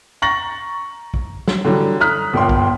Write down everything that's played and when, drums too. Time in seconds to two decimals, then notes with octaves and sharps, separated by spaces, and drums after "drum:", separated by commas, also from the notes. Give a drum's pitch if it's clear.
0.22 A#5 C#6 A6 A#6 F#7
1.14 drum: kick
1.48 drum: snare
1.65 D3 E3 F#3 G3
2.00 A#5 D#6 F6 F#6 B6
2.33 G1 A#2 G5 C6
2.49 drum: kick